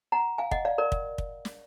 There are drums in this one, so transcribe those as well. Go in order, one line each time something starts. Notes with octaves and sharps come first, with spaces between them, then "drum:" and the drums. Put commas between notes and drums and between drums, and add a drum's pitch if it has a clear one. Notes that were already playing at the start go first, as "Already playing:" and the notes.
F#5 A#5
F5 G#5
D#5 F#5, drum: kick
D5 F5
A#4 D5
drum: kick
drum: kick
drum: snare